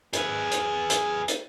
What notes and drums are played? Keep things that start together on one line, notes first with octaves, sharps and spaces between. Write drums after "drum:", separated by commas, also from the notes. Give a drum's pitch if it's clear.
G#4 B4, drum: hi-hat
drum: hi-hat
drum: hi-hat
drum: hi-hat